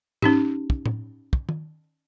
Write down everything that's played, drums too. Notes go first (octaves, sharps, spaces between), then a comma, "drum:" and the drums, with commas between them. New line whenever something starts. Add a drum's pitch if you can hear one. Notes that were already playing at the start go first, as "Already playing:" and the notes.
C#4 D#4 G4, drum: tom
drum: kick
drum: tom A2
drum: kick
drum: tom